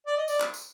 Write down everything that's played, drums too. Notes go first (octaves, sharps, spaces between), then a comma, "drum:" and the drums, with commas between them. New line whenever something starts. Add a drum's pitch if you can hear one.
D5
D#5
D5, drum: tambourine
drum: clap
drum: tambourine